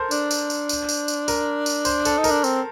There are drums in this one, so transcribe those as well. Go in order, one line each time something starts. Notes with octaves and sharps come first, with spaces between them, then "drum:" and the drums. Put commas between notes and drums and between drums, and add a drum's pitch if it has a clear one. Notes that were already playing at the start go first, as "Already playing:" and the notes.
Already playing: A4 A#4 C5
D4, drum: tambourine
drum: tambourine
drum: tambourine
drum: tambourine
drum: tambourine
drum: tambourine
A#4, drum: tambourine
drum: tambourine
C5, drum: tambourine
A4, drum: tambourine
D#4
A#4, drum: tambourine
D4
C4, drum: tambourine